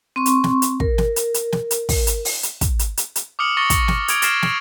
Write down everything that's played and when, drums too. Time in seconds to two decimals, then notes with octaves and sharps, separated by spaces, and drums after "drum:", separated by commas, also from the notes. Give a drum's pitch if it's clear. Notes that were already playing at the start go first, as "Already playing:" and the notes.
0.16 C4 C6 C#6
0.26 drum: hi-hat
0.44 drum: snare
0.62 drum: hi-hat
0.80 A#4, drum: kick
0.98 drum: snare
1.16 drum: hi-hat
1.34 drum: hi-hat
1.52 drum: snare
1.71 drum: hi-hat
1.89 drum: kick, open hi-hat
2.07 drum: hi-hat
2.25 drum: open hi-hat
2.43 drum: hi-hat
2.61 drum: kick, hi-hat
2.79 drum: hi-hat
2.97 drum: hi-hat
3.16 drum: hi-hat
3.39 D6 D#6 F6 C#7 F#7
3.57 C#6 D#6 A6 A#6 C#7 G7
3.70 drum: kick, hi-hat
3.88 drum: snare
4.08 D#6 G#6 D7 F7, drum: hi-hat
4.22 F6 A6 A#6 C7 E7, drum: hi-hat
4.42 drum: snare